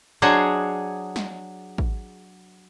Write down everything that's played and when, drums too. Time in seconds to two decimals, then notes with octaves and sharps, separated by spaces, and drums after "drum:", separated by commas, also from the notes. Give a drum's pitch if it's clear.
0.22 F#3 D4 G#4 C5 C#5 D#5
1.16 drum: snare
1.78 drum: kick